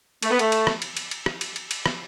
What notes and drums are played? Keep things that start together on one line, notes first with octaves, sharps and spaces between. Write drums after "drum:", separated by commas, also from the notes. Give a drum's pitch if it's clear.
A3, drum: cymbal
B3
A3, drum: cymbal
drum: cymbal
drum: rim click
drum: cymbal
drum: cymbal
drum: cymbal
drum: rim click
drum: cymbal
drum: cymbal
drum: cymbal
drum: rim click